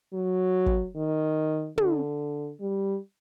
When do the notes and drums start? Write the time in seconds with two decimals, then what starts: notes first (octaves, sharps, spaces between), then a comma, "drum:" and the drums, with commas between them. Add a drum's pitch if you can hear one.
0.13 F#3
0.66 drum: kick
0.96 D#3
1.78 D3, drum: tom
2.60 G3